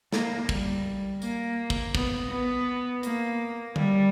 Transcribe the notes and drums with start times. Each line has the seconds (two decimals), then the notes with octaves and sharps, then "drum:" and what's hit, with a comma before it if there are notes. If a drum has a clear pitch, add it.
0.13 A#3, drum: snare
0.49 G3, drum: kick
1.22 A#3, drum: tambourine
1.70 drum: kick
1.95 B3, drum: kick
2.31 B3
3.03 A#3, drum: hi-hat
3.76 G3, drum: tom D3